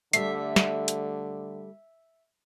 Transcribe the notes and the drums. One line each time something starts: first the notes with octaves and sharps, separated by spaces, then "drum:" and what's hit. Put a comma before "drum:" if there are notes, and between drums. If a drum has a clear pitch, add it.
D3 G3 A3 E5 C7, drum: hi-hat
drum: snare
drum: hi-hat